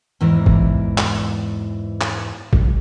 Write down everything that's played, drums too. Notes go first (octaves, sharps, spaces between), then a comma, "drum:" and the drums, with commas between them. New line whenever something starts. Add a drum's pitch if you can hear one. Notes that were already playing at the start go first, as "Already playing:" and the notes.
E2 G#2 E3 A#4
drum: kick
drum: clap
drum: clap
drum: kick